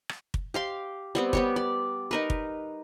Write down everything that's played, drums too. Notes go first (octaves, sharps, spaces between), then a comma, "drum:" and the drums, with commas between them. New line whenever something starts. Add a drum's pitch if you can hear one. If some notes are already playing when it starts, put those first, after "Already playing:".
drum: rim click
drum: kick
G4 F5 C6
G3 B3 C4
B3 G4 C#5, drum: kick
D5
D#4 A#4 B4
drum: kick